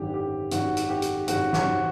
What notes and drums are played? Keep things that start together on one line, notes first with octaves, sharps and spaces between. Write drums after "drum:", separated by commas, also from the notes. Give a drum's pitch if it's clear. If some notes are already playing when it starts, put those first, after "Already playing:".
Already playing: G#1 F#2 D3 G4
G4
G#1 F#2 D3 F#4, drum: hi-hat
drum: hi-hat
G4
drum: hi-hat
G#1 F#2 D3 F#4, drum: hi-hat
F#4, drum: snare